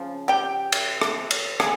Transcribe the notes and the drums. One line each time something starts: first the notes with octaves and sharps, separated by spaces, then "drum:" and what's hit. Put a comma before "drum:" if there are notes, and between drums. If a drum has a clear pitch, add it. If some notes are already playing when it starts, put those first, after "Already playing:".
Already playing: C#3 F3
G4 G5
drum: cymbal
drum: rim click
drum: cymbal
G#4 G#5, drum: rim click